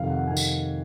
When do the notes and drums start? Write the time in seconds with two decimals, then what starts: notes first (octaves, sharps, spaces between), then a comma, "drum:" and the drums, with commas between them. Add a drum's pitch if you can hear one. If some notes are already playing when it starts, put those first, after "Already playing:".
Already playing: F2 C3 D#3 F5
0.10 F#5
0.27 C3 D#3 G#5
0.37 drum: tambourine